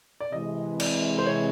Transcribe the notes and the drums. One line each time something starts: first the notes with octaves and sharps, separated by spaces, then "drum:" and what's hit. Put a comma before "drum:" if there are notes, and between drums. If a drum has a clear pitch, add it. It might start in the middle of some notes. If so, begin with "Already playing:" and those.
D5
C3 E3 G#3 D#5
D5, drum: cymbal
C5
C#5